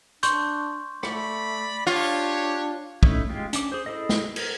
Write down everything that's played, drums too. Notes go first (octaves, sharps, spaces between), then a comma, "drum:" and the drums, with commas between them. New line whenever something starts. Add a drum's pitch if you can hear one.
D4 C6 C#6 G6, drum: hi-hat
A3 D5 B5, drum: rim click
D4 F4 G4 C#5
A3 C#4 D#4 E4, drum: kick
G#3 F4 G4
C#4 D4 D6, drum: hi-hat
G#4 C5
E4 G#4 A4 D#5
drum: snare
A#4, drum: cymbal